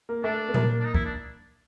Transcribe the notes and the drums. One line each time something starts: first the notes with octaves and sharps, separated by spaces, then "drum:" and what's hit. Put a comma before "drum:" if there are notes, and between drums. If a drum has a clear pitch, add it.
A#3
A3 D4
B3
A#3, drum: tom A#2
D4
D#4
E4, drum: kick
D4